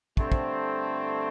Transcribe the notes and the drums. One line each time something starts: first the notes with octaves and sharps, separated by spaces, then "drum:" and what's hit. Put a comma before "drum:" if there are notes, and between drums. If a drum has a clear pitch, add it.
G2 D3 A3 C4, drum: kick
drum: kick